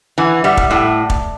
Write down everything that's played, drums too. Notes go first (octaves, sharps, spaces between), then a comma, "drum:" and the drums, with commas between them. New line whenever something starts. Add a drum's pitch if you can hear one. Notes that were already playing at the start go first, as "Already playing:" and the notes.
E3 F#5 G#5
G3 E5 F#5
drum: kick
A2 E5 F#5
drum: kick